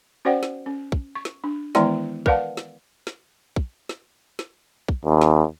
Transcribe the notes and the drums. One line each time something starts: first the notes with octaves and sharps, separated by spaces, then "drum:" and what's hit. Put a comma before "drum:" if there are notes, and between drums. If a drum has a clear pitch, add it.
C#4 F#4 C5 D5 F#5 G5
drum: snare
C#4
drum: kick
C#6
drum: snare
D4
D#3 E3 G#3 B3 E4 D5, drum: snare
A#4 B4 D5 F5 F#5 A5, drum: kick
drum: snare
drum: snare
drum: kick
drum: snare
drum: snare
drum: kick
D#2
drum: snare